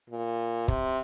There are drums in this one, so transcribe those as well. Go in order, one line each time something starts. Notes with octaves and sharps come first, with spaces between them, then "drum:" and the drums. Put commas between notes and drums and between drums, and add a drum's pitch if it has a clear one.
A#2
C3, drum: kick